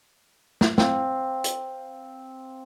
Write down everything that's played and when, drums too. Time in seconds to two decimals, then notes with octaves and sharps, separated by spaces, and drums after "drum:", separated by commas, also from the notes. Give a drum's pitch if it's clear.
0.61 drum: snare
0.78 C4 F5, drum: snare
1.44 drum: hi-hat